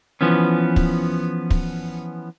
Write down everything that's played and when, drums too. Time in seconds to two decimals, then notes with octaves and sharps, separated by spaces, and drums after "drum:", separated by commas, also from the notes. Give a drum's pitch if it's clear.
0.21 E3 F3 B3 C#4
0.76 drum: kick
1.50 drum: kick